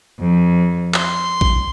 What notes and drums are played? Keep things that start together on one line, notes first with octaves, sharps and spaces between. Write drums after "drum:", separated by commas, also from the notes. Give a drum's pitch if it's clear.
F2
C6, drum: clap
drum: kick A#1